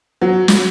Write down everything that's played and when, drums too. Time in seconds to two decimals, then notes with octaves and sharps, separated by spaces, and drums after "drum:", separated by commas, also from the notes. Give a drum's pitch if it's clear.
0.22 F#3
0.48 drum: snare